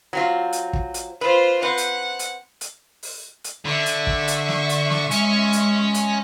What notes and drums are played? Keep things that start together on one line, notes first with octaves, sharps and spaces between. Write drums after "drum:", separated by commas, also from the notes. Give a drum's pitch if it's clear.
F#3 C4 F4
drum: hi-hat
drum: kick
drum: hi-hat
F4 B4 C5
C4 B4 C5 F#5
drum: hi-hat
drum: hi-hat
drum: hi-hat
drum: open hi-hat
drum: hi-hat
D3 E5 C#6
drum: hi-hat
drum: kick
drum: hi-hat
drum: snare
drum: hi-hat
drum: snare
G#3 C#4, drum: hi-hat
drum: hi-hat
drum: hi-hat